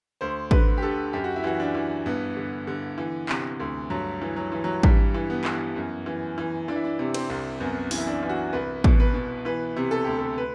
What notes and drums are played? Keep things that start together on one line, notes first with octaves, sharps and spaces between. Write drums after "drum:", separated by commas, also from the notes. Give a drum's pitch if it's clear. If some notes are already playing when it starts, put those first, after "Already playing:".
D2 C5
D3 B4, drum: kick
G4
D3 A4
F#2 G4
F#4
E4
E3 F#4
D4
E3
G2 B3
D3
D3
E3
C3, drum: clap
D2
G2 F#3
E3
F#3
E3
F#3
G2 G3, drum: kick
E3
B3
E3, drum: clap
F#2
E3
E3
E3 D4
E4
D4
C3
C4, drum: cymbal
C2
F#2 B3
E3, drum: open hi-hat
E4
D4
E3
F#4
C2 B4
B2, drum: kick
B4
B2
E3 B4
C3
A4
D2 G4
A4
B4